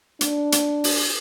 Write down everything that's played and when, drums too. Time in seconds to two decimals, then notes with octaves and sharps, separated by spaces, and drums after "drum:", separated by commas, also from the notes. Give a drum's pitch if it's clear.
0.21 D4, drum: hi-hat
0.52 drum: hi-hat
0.84 drum: open hi-hat